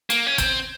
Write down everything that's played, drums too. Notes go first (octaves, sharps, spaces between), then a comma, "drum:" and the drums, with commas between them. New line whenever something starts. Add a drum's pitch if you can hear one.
A#3, drum: hi-hat
C#4
C4, drum: kick, hi-hat